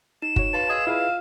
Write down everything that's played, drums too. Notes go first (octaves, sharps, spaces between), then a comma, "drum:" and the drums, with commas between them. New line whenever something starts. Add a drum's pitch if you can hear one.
D#4 E7
F#4 C#5, drum: kick
B4 F5 A5 C6
G#4 D#5 F5 E6
E4 F4 G#4 B4 F5